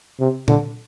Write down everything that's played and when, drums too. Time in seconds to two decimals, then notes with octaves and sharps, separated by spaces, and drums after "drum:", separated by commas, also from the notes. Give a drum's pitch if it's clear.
0.20 C3
0.48 D3, drum: tom A#2